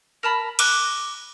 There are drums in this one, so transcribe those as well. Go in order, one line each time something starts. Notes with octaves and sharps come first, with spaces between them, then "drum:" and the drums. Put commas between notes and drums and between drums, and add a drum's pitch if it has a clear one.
A#4 A5 B5
D6 F#6, drum: cymbal